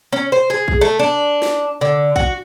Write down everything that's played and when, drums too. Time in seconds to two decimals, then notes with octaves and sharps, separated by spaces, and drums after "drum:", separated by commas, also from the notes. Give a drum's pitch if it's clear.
0.12 C#4
0.32 C5
0.50 G#4
0.68 drum: kick A#1
0.81 A3
0.99 D4
1.42 drum: snare
1.81 D3
2.16 F#4, drum: kick A#1